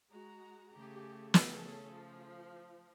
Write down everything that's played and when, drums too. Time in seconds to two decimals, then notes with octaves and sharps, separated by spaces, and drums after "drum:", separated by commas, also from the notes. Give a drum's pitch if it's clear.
0.10 G#3 F#4 A#5
0.74 C#3 A3 G4 G#4
1.34 drum: snare
1.50 C#4 G#4 A4
1.93 F3